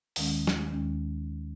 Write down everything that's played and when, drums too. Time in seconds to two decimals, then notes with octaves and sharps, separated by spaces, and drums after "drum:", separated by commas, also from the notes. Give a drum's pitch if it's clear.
0.16 D#2 D#3 G#3 C#4, drum: open hi-hat
0.47 drum: snare
0.70 D#2 D#3 G#3 C#4